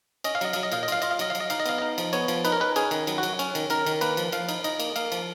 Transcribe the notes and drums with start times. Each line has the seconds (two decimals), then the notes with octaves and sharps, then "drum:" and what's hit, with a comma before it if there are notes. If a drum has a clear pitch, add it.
0.24 C#4 D#5, drum: cymbal
0.35 F5
0.41 F#3 D#5, drum: cymbal
0.53 F#3 F5, drum: cymbal
0.63 D#5
0.72 A#2 F5, drum: cymbal
0.83 D#5
0.88 F4 F5, drum: cymbal
1.02 F4 D#5, drum: cymbal
1.11 F5
1.19 F#3 D#5, drum: cymbal
1.30 F5
1.35 F#3, drum: cymbal
1.40 D#5
1.50 D#4 F5, drum: cymbal
1.60 D#5
1.66 B3 F5, drum: cymbal
1.78 D#4 D#5
1.98 F3, drum: cymbal
2.13 B3 C#5, drum: cymbal
2.28 F3, drum: cymbal
2.45 D#4 B4, drum: cymbal
2.52 A#4
2.60 D#4 B4
2.76 C#4 G#4, drum: cymbal
2.91 D#3, drum: cymbal
3.07 F#3, drum: cymbal
3.18 F#4
3.23 F#3, drum: cymbal
3.39 C#4, drum: cymbal
3.55 D#3, drum: cymbal
3.70 D#3 A#4, drum: cymbal
3.86 D#3, drum: cymbal
4.01 A#3 B4, drum: cymbal
4.17 F3, drum: cymbal
4.32 F3 F5, drum: cymbal
4.49 D#4, drum: cymbal
4.64 D#4 D#5, drum: cymbal
4.80 A#3, drum: cymbal
4.96 A#3 F5, drum: cymbal
5.12 F3, drum: cymbal